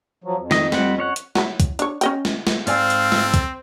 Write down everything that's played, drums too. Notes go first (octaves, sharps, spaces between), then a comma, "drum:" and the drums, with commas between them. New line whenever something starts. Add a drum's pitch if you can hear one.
F3 F#3
F2
D#3 D#5, drum: snare
G3 C4 F#5, drum: snare
C#4 C#5 F#5
drum: hi-hat
F#3 E4, drum: snare
drum: kick, hi-hat
D4 C#5, drum: hi-hat
C#4 D#5 G5, drum: hi-hat
drum: snare
drum: snare
G#2 C4 A4 D5 F5 G#5, drum: open hi-hat
drum: hi-hat
drum: snare
drum: kick, hi-hat